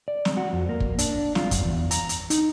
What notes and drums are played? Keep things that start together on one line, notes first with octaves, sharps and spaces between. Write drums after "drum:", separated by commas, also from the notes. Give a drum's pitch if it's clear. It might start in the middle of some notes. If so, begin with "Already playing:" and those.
D5
drum: snare
F#4
F2
A#3
drum: kick
D4, drum: hi-hat
F4, drum: snare
F#2, drum: kick, hi-hat
E2
A#5, drum: hi-hat
drum: hi-hat
D#4, drum: hi-hat